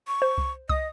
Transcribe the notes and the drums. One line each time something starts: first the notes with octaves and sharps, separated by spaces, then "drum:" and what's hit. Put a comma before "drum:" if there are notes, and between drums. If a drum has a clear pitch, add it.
C#6
C5
drum: kick C2
D#5 D#6, drum: kick C2